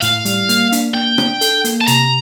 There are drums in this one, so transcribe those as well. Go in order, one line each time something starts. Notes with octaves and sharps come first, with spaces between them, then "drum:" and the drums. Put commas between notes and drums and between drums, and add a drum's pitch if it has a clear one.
A2 F5, drum: hi-hat
G3, drum: hi-hat
A#3, drum: hi-hat
D4, drum: hi-hat
A#3 G5
D4, drum: rim click
A4, drum: hi-hat
A#3, drum: hi-hat
A5
C3 A#5, drum: hi-hat